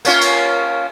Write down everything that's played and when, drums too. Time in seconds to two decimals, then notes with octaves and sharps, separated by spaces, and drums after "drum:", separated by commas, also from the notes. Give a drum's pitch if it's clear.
0.05 A#3 C#4 F4, drum: cymbal
0.21 drum: cymbal